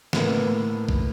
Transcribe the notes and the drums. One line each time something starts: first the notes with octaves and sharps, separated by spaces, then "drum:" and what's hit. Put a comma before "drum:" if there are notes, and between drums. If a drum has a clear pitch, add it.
A2 A#3 B3 A4, drum: snare
drum: kick